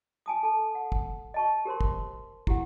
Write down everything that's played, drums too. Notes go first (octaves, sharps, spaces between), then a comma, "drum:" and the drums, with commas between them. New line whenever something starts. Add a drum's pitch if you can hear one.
G#5 A5 D#6
A4 A5
F#5
drum: kick
D#5 A5 C#6
G4 A#4 C5 C6
drum: kick
E4 G4 F#5, drum: kick